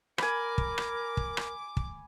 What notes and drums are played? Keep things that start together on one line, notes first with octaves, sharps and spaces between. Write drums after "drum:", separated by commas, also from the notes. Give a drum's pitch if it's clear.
A#4 G#5 B5 D6, drum: rim click
drum: kick
drum: rim click
drum: kick
drum: rim click
drum: kick